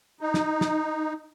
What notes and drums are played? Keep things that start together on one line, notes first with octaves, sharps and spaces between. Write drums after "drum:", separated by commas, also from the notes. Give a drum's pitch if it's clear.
D#4
drum: snare
drum: snare